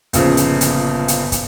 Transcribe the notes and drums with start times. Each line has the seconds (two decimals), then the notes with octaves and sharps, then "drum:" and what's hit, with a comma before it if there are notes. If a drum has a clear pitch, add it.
0.13 G1 A#2 C#3 F3, drum: hi-hat
0.37 drum: hi-hat
0.61 drum: hi-hat
1.08 drum: hi-hat
1.32 drum: kick, hi-hat